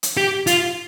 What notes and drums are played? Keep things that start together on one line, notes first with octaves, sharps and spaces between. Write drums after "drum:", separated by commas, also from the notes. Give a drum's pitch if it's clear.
drum: hi-hat
G4
F4, drum: hi-hat